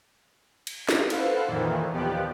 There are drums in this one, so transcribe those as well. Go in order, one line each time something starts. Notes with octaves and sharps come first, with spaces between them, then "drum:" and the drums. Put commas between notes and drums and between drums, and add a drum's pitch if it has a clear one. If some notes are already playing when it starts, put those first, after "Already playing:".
drum: cymbal
drum: snare
A4 B4 C5 F5 F#5, drum: cymbal
F2 A#2 D#3 E3
D#2 F3 B3 G4 D5 F#6